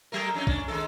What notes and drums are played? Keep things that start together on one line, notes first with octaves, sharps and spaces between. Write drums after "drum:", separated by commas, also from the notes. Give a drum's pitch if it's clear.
F#3 A3 A#4
F2 C#4 D#4
C#4 D4, drum: kick
D#3 G#3 A4